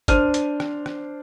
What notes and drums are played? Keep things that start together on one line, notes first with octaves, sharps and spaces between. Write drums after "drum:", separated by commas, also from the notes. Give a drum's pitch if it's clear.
D4 C5 F6 D#7, drum: kick, hi-hat
drum: hi-hat
drum: rim click
drum: rim click